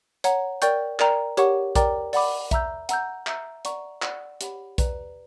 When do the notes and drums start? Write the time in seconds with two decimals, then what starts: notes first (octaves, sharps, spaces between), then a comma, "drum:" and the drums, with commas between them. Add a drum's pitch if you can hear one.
0.24 C#5 F#5 A#5, drum: hi-hat
0.62 A#4 D5 G5 C#6 G6, drum: hi-hat
1.00 A#4 D5 G5 A#5, drum: clap
1.37 G4 A#4 C#5 F#5 C#6, drum: hi-hat
1.75 A#4 D5 G5 A#5 D6, drum: kick B1, hi-hat
2.13 D5 F#5 B5 D6, drum: open hi-hat
2.51 E5 A#5 E6 G6, drum: kick B1, hi-hat
2.89 F#5 A#5 E6 G6, drum: hi-hat
3.27 E5 A#5 E6 G6, drum: clap
3.65 D5 F#5 A#5 C#6, drum: hi-hat
4.02 D5 F#5 C#6 E6, drum: clap
4.41 G4 C#5 F#5 B5, drum: hi-hat
4.78 B4 D5 A#5, drum: kick B1, hi-hat